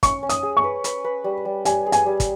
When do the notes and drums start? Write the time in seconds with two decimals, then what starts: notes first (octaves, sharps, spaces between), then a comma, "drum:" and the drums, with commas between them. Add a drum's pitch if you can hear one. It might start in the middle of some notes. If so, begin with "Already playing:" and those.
0.03 C#4 C#6, drum: kick, hi-hat
0.23 C#4
0.29 D#6, drum: hi-hat
0.43 G#4
0.57 C#6
0.64 B4
0.84 B4, drum: hi-hat
1.04 B4
1.24 G3
1.45 G3
1.65 G3 G#5, drum: hi-hat
1.86 G#4
1.92 G#5, drum: hi-hat
2.06 G3
2.20 drum: kick, hi-hat